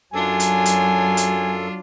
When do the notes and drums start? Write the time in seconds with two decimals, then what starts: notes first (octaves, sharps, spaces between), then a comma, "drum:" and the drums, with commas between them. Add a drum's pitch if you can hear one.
0.14 F#2 F#3 D4 F4 A4 G#5
0.40 drum: hi-hat
0.66 drum: hi-hat
1.17 drum: hi-hat